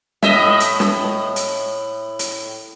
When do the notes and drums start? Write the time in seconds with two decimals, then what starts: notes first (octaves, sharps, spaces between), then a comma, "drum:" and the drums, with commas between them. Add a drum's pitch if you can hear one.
0.22 A2 D#5 E5, drum: snare
0.60 drum: hi-hat
0.80 drum: snare
1.36 drum: hi-hat
2.19 drum: hi-hat